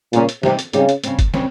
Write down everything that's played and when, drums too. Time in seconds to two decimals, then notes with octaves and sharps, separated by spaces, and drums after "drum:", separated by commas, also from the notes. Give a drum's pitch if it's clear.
0.13 A#2 C#3 G3 C#4 G#4, drum: hi-hat
0.29 drum: hi-hat
0.43 C3 G3 C4 D#4 G4, drum: snare
0.59 drum: hi-hat
0.73 C#3 G3 C4 D#4 G4, drum: hi-hat
0.89 drum: hi-hat
1.04 C#3 G3 C4, drum: hi-hat
1.19 drum: kick, hi-hat
1.34 C#3 G3 C4, drum: snare